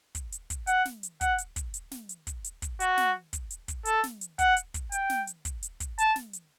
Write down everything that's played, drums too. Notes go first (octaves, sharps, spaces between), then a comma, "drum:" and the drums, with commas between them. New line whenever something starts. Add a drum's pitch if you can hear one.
drum: kick, hi-hat
drum: hi-hat
drum: kick, hi-hat
F#5, drum: hi-hat
drum: snare
drum: hi-hat
F#5, drum: kick, hi-hat
drum: hi-hat
drum: kick, hi-hat
drum: hi-hat
drum: snare
drum: hi-hat
drum: kick, hi-hat
drum: hi-hat
drum: kick, hi-hat
F#4, drum: hi-hat
drum: snare
drum: kick, hi-hat
drum: hi-hat
drum: kick, hi-hat
A4, drum: hi-hat
drum: snare
drum: hi-hat
F#5, drum: kick, hi-hat
drum: hi-hat
drum: kick, hi-hat
G5, drum: hi-hat
drum: snare
drum: hi-hat
drum: kick, hi-hat
drum: hi-hat
drum: kick, hi-hat
A5, drum: hi-hat
drum: snare
drum: hi-hat